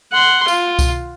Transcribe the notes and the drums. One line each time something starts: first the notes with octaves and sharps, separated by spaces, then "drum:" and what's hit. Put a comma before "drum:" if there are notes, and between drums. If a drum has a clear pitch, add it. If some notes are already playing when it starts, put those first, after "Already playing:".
F#5 C6
F4, drum: tambourine
drum: kick C2, tambourine